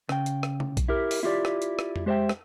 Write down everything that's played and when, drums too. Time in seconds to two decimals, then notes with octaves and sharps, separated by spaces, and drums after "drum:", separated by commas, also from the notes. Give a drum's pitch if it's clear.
0.09 C#3 G5, drum: rim click
0.26 drum: hi-hat
0.43 drum: rim click
0.60 drum: tom C3
0.77 drum: kick B1, hi-hat
0.88 E4 G4 A#4
1.11 drum: open hi-hat
1.23 E4 F4 G4 D5
1.45 drum: rim click
1.62 drum: hi-hat
1.79 drum: rim click
1.96 drum: tom F2
2.06 G#3 G4 C5 D5 E5 G5
2.29 drum: rim click